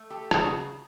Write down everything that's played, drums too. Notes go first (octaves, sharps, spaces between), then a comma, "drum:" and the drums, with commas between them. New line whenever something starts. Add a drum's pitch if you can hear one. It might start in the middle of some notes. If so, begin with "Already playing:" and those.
Already playing: A3
G4 A4
C#3 F#4 G#4, drum: rim click